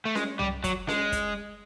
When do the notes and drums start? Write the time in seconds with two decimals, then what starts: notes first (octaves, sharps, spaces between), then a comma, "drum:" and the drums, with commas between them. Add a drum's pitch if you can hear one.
0.05 A3
0.15 G#3, drum: snare C#4
0.39 G3, drum: tom C2
0.64 F#3, drum: kick, hi-hat
0.89 G#3, drum: snare C#4
1.12 drum: kick, hi-hat